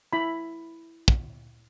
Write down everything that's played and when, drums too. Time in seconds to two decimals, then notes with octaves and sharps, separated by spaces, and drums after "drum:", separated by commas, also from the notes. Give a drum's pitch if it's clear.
0.13 E4 B5
1.08 drum: kick